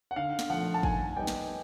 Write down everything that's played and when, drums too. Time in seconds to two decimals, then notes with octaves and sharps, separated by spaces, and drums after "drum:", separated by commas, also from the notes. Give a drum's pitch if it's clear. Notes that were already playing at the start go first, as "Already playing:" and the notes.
0.11 F#5
0.16 D3 F5
0.39 drum: snare
0.50 F3 A3 F#5
0.74 A5
0.83 D#3 G#5, drum: kick
1.17 G3 B3 D#4 G5
1.27 drum: snare